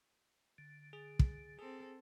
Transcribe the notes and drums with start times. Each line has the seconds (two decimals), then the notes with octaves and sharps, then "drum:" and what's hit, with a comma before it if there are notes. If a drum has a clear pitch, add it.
0.58 D3
0.93 G#4
1.19 drum: kick
1.59 C4 G#4 A4